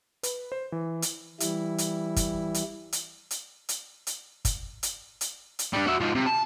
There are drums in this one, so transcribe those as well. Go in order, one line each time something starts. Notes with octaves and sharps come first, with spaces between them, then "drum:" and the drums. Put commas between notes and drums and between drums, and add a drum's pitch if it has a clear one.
B4, drum: hi-hat
C5
E3
drum: hi-hat
E3 G3 E4, drum: hi-hat
drum: hi-hat
drum: kick F#1, hi-hat
drum: hi-hat
drum: hi-hat
drum: hi-hat
drum: hi-hat
drum: hi-hat
drum: kick F#1, hi-hat
drum: hi-hat
drum: hi-hat
drum: hi-hat
G3 D4
F#4 E5
G#2 F3
C3
A5